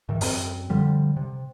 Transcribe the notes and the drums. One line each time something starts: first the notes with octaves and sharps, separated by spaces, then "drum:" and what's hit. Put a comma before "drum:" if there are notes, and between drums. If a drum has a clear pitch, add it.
G#2 D#3 E3
F#2 C4, drum: open hi-hat
D3 F3 G3
C3